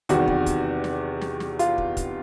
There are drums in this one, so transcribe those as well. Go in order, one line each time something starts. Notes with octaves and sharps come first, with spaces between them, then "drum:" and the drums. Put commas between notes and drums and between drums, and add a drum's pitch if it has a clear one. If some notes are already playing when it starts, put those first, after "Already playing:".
E2 C3 D#3 G3 F#4, drum: hi-hat
drum: kick
drum: kick, hi-hat
drum: snare
drum: snare
drum: snare
F4, drum: hi-hat
drum: kick
drum: kick, hi-hat